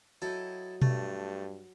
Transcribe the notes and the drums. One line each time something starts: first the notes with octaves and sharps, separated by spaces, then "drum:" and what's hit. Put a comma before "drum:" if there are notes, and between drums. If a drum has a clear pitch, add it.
F#3 E4 A4 D#5 G5
G2 A3, drum: tom B2